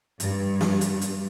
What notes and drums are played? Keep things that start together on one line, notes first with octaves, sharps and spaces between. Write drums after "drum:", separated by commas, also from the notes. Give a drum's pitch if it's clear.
G2, drum: hi-hat
drum: snare
drum: hi-hat
drum: hi-hat